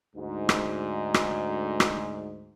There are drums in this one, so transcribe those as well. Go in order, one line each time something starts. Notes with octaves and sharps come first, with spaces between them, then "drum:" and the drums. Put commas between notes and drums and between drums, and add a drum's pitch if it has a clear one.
D2 G#2
drum: rim click
drum: rim click
drum: rim click